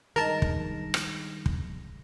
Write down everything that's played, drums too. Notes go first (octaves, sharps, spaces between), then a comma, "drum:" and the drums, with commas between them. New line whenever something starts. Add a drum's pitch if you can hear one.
G2 D#3 G#3 A#4 A5 A#6
drum: kick
drum: rim click
drum: kick